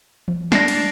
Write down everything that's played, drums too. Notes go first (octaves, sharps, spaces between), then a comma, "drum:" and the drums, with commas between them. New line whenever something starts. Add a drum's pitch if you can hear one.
drum: tom E3
D4 A#6 C7, drum: snare
drum: cymbal